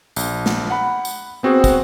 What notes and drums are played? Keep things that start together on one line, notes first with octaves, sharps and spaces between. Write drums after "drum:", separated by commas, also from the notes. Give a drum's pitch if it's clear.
A#1, drum: tambourine
drum: snare
F#5 B5
drum: tambourine
B3 C4 F#4 G#4 C5
drum: kick, tambourine